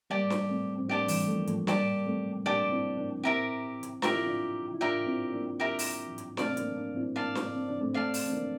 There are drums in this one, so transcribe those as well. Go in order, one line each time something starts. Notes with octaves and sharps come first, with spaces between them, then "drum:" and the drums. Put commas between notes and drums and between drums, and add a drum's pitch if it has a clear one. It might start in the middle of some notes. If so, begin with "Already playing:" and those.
G3 A#3 G4 D5 A5 D6
drum: snare
A3 C4
C4
A#3 D4 G4 D5 A5 D6
E3 G3, drum: open hi-hat
F3 A3
A#3
F3 A3, drum: hi-hat
G3 A#3 G4 D5 A5 D6, drum: snare
A#3
A3 C4
A#3 D4 G4 D5 A5 D6
C4 E4
A#3 D4
C4 E4 G4 A#4 E5 A#5
drum: hi-hat
F4 G4 A#4 E5 A#5, drum: snare
E4
D4 F4
E4
D4 F4 G4 A#4 E5 A#5
C4 E4
A#3 D4
G4 A#4 E5 A#5
drum: open hi-hat
drum: hi-hat
A3 C4 D5 F5 A5, drum: snare
C4
A#3 D4, drum: hi-hat
A#3 D4
C4 E4
A#3 D4 D5 F5 A5
drum: snare
C4
D4
A3 C4
A3 C4 D5 F5 A5
drum: open hi-hat
C4
A#3 D4